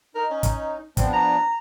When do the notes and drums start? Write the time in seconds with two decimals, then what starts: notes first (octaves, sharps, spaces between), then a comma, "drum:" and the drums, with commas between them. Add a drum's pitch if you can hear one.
0.15 D#4 A#4
0.31 C#4
0.43 drum: kick, hi-hat
0.97 F3 B3 C4 D4, drum: kick, hi-hat
1.13 A#5